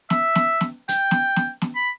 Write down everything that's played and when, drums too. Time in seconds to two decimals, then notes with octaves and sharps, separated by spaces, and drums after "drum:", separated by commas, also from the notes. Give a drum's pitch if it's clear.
0.10 E5, drum: snare
0.35 drum: snare
0.61 drum: snare
0.88 G5, drum: hi-hat
1.11 drum: snare
1.36 drum: snare
1.62 drum: snare
1.76 B5